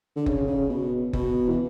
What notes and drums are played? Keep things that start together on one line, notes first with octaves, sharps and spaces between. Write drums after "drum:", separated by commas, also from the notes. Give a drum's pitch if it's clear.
D3
C#3, drum: kick F#1
C#3
B2
B2, drum: kick F#1
E3